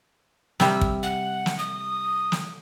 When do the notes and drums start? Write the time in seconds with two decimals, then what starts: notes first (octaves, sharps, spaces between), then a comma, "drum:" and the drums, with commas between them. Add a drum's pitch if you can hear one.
0.60 C3 G3 E6, drum: snare
0.81 drum: kick
1.03 F#5
1.46 drum: snare
1.58 D#6
2.32 drum: snare